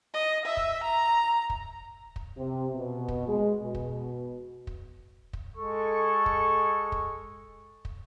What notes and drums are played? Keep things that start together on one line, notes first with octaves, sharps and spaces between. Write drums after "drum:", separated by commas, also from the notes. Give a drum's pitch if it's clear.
D#5
E5
drum: kick
A#5
drum: kick
drum: kick
C3
B2
drum: kick
G#3
B2
drum: kick
drum: kick
drum: kick
G#3 A4 C#6
drum: kick
drum: kick
drum: kick